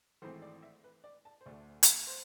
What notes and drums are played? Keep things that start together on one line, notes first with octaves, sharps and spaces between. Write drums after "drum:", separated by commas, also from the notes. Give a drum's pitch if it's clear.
G#1 G#2 E3 A3 C4 C5
D5
E5
B4
D5
A5
C5
D2 D3 A3 D5
drum: hi-hat
C5